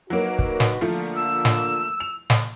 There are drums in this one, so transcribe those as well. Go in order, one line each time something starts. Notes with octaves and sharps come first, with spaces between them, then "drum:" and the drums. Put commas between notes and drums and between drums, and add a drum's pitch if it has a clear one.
F#3 A#3 D#4 F#4 B4
drum: kick
drum: snare
D3 F3 A3 A#3 F4
E6
drum: snare
F7
drum: snare